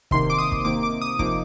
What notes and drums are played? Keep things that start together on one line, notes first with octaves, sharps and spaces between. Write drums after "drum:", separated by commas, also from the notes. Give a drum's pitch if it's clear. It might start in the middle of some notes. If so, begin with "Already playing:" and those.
C3 D#3 A#3 C6, drum: kick
D6
D#6
drum: kick
C3 D#3 A#3 D6
D6
D#6
C3 F3 A#3 D#4 D6, drum: kick